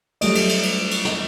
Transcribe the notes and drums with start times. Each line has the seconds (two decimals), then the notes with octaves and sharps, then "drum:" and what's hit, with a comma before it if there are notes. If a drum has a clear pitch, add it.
0.21 F#3 G3 A3 D#5, drum: cymbal
0.35 drum: cymbal
0.49 drum: cymbal
0.63 drum: cymbal
0.91 drum: cymbal
1.05 drum: snare